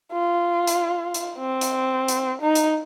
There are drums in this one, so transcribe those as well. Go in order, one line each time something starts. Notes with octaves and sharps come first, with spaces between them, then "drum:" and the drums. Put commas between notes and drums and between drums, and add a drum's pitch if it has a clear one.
F4
drum: hi-hat
drum: hi-hat
C4
drum: hi-hat
drum: hi-hat
D#4
drum: hi-hat